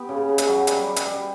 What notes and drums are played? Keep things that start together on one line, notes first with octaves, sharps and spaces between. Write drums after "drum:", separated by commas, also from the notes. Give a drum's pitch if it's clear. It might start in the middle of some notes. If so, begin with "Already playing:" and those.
Already playing: B3 G4
C#3
C#3
drum: hi-hat
F#3
G3, drum: hi-hat
G3
drum: hi-hat
G3